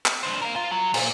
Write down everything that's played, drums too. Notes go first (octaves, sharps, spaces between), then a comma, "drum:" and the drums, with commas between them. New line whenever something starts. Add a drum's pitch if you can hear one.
drum: clap
D4 C5
A#4 F5
F4
F#3
A#2, drum: cymbal